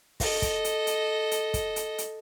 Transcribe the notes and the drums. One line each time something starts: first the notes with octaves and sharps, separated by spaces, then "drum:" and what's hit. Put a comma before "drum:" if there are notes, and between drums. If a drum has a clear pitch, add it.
A4 D#5, drum: kick, open hi-hat
drum: kick, hi-hat
drum: hi-hat
drum: hi-hat
drum: hi-hat
drum: kick, hi-hat
drum: hi-hat
drum: hi-hat